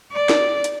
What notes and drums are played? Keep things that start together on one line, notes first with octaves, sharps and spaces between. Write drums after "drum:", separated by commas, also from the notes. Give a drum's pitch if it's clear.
D5
drum: snare
drum: hi-hat